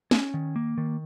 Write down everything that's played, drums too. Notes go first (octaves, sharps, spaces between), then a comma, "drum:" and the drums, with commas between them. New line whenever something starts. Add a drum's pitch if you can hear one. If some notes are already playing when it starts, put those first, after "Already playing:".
C#4, drum: snare
D#3
A#3
D#3